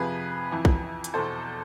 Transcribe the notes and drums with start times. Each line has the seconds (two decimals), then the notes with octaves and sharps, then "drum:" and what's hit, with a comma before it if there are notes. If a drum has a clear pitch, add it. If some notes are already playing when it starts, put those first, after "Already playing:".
Already playing: F2 C3 F3 G#4 B4
0.51 F2 E3
0.65 drum: kick
1.04 drum: hi-hat
1.14 E2 B2 A4 C5